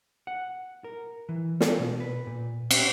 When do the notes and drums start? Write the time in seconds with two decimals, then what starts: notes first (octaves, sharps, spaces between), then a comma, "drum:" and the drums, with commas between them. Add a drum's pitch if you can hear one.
0.27 F#5
0.84 A#4
1.29 E3
1.61 A4, drum: snare
1.80 B2
2.00 B4
2.27 A#2
2.71 C4, drum: cymbal